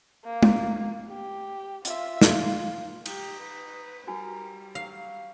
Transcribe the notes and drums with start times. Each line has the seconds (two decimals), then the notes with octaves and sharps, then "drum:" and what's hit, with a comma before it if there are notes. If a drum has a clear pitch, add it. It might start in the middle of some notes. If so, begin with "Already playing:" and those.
0.25 A#3
0.43 drum: tom G#3
1.08 G4
1.85 F4 E5, drum: hi-hat
2.22 F4, drum: snare
3.06 D#4 G4, drum: cymbal
3.39 B4
4.07 G3 D#4 F#4 A#4 G#5
4.75 F#3 F5